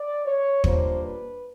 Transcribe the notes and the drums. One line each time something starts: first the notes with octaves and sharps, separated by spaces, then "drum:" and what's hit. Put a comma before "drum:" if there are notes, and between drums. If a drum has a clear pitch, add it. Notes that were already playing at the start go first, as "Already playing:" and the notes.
Already playing: D5
C#5
A#2 G3 A#3 D4 C5, drum: kick
B4